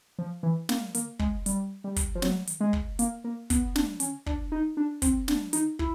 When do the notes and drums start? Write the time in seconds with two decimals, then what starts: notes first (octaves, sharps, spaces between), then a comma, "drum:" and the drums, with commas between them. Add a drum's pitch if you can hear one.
0.18 F3
0.43 E3
0.69 A#3, drum: snare
0.95 A#3, drum: hi-hat
1.19 G#3, drum: kick
1.46 G3, drum: hi-hat
1.84 G3
1.96 drum: kick, hi-hat
2.15 F3
2.22 F#3, drum: snare
2.47 drum: hi-hat
2.60 G#3
2.73 drum: kick
2.99 A#3, drum: hi-hat
3.24 A#3
3.50 B3, drum: kick, hi-hat
3.76 D4, drum: snare
4.00 C#4, drum: hi-hat
4.26 D4, drum: kick
4.52 D#4
4.77 D4
5.02 C4, drum: kick, hi-hat
5.28 D4, drum: snare
5.53 D#4, drum: hi-hat
5.79 E4, drum: kick